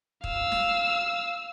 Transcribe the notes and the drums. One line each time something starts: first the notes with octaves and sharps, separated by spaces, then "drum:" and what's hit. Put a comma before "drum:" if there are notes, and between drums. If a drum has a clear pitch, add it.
F5 E6, drum: kick
drum: snare